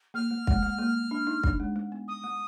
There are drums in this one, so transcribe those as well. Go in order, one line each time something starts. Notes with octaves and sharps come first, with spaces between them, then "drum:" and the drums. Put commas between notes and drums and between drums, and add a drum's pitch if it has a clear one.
A#3 F6
A3
G#3, drum: kick
A3
A#3
D4
D#4
D4, drum: kick
G#3
A3
B3
D#6
A3